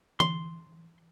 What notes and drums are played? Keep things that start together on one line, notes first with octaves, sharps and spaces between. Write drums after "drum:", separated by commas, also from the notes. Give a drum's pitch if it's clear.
C6, drum: tom E3